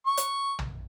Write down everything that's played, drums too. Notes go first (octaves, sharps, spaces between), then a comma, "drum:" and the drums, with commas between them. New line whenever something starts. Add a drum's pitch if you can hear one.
C#6
drum: hi-hat
drum: tom